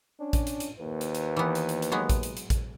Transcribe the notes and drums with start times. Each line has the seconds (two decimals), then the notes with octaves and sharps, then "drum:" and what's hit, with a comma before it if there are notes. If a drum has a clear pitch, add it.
0.20 C#4 D4
0.33 drum: kick A1, hi-hat
0.47 drum: hi-hat
0.60 drum: hi-hat
0.79 D#2 A#3 B4
1.01 drum: hi-hat
1.15 drum: hi-hat
1.37 E3 B3
1.55 drum: hi-hat
1.69 drum: hi-hat
1.82 drum: hi-hat
1.92 F#3 G#3 B3
2.10 drum: kick A1, hi-hat
2.23 drum: hi-hat
2.37 drum: hi-hat
2.50 drum: kick A1, hi-hat